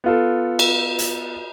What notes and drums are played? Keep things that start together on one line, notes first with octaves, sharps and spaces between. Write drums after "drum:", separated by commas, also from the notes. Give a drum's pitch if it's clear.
B3 F4 A4
drum: cymbal
drum: hi-hat